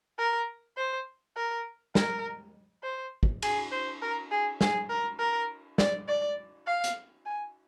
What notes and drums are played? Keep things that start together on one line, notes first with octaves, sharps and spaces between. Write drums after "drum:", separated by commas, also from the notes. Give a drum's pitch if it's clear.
A#4
C5
A#4
A#4, drum: snare
C5
drum: kick
G#4, drum: cymbal
C5
A#4
G#4
G#4, drum: snare
A#4
A#4
D5, drum: snare
D5
F5
drum: hi-hat
G#5